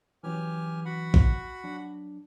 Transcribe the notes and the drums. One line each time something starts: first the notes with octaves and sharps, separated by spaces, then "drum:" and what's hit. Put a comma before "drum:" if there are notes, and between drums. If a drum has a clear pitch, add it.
E3 F#3 C#4 G4 G#5 F6
F#4 F#5 B5
drum: kick
F#3 D4